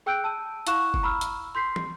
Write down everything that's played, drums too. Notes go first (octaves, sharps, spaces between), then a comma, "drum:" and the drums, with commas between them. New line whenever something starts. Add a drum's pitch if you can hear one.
G#4 G5 E6 F#6 G6 D7
A5 E6 D#7
E4 F5 F#5 C#6 F#6 E7, drum: hi-hat
drum: kick F#1
A#5 B5 E6 F6
drum: hi-hat
C6 G6 B6 C7
drum: tom